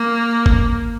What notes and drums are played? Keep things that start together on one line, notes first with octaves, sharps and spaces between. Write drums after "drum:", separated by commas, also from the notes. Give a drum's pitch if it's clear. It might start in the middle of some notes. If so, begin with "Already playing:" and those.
Already playing: A#3
drum: kick